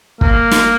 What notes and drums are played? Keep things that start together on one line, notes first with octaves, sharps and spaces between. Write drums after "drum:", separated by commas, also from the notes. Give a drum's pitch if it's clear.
A#3, drum: kick
drum: snare